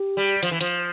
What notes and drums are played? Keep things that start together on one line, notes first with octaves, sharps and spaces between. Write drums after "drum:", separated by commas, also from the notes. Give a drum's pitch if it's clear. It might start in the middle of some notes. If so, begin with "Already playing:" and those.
Already playing: G4
G3
F3, drum: hi-hat
E3
F3, drum: hi-hat